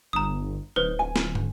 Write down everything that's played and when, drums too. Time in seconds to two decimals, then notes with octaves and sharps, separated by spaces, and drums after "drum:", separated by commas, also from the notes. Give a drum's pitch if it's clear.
0.13 G1 A#5 D#6
0.76 D1 D#4 B4 C5
0.99 G#5
1.16 drum: snare
1.35 drum: tom